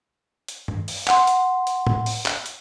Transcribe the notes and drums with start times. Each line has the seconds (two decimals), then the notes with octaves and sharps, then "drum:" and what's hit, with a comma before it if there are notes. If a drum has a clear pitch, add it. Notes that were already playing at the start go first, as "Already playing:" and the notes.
0.48 drum: hi-hat
0.68 drum: tom G2
0.88 drum: open hi-hat
1.08 F#5 C6, drum: clap
1.27 drum: hi-hat
1.67 drum: hi-hat
1.87 drum: tom A2
2.06 drum: open hi-hat
2.26 drum: clap
2.46 drum: hi-hat